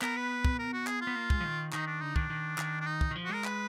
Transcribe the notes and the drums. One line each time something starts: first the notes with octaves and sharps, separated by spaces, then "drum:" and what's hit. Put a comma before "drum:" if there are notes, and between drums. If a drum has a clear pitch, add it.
B3 A#4, drum: clap
B4
drum: kick
A#4
F#4
G#4, drum: clap
F4
B3
A#3
G#3, drum: kick
F3
D#3
D#3 D#4, drum: clap
D4
D3 D#4
D#3 D4, drum: kick
D#3
D#3, drum: clap
D4
D#4
drum: kick
D#3
F3
F#4
G#3 A#4
B4, drum: clap